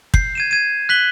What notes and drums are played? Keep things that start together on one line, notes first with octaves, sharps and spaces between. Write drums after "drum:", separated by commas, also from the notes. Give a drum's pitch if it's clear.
G6 C7, drum: kick
G#6 D#7 E7
G#6 D#7
F#6 B6 F#7 G7